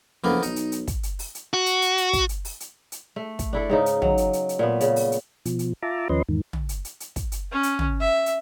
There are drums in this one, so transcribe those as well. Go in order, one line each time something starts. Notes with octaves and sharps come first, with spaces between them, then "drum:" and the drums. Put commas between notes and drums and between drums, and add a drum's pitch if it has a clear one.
F#1 F2 A#3 B3
B1 D#4, drum: hi-hat
drum: hi-hat
drum: hi-hat
drum: kick, hi-hat
drum: hi-hat
drum: open hi-hat
drum: hi-hat
F#4
drum: hi-hat
drum: hi-hat
drum: hi-hat
drum: kick, hi-hat
drum: hi-hat
drum: open hi-hat
drum: hi-hat
drum: hi-hat
A3
drum: kick, hi-hat
D4 E4 A4
G#2 C#3 D#4
drum: hi-hat
F#3, drum: tom
drum: hi-hat
drum: hi-hat
drum: hi-hat
A#2 A3 B3
C#3, drum: hi-hat
drum: open hi-hat
drum: hi-hat
B2 F3, drum: hi-hat
drum: hi-hat
F4 E5 A5 A#5 D6
D#2 F3 C#4 B4 D#5 C6
E2 G#2 D#3
drum: tom
drum: hi-hat
drum: hi-hat
drum: hi-hat
drum: kick, hi-hat
drum: hi-hat
C#4
drum: hi-hat
drum: tom
E5
drum: hi-hat